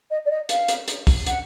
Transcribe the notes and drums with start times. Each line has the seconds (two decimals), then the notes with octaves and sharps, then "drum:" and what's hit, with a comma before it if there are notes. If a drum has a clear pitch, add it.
0.10 D#5
0.25 D5
0.30 D#5
0.49 F5, drum: hi-hat
0.68 drum: hi-hat
0.88 drum: hi-hat
1.07 drum: kick, open hi-hat
1.26 F#5, drum: hi-hat